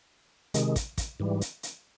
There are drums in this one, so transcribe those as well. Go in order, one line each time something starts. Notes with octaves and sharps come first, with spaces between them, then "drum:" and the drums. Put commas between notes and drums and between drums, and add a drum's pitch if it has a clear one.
C3 D#3 G#3, drum: hi-hat
drum: kick, hi-hat
drum: kick, hi-hat
G#2 E3 G3
drum: hi-hat
drum: hi-hat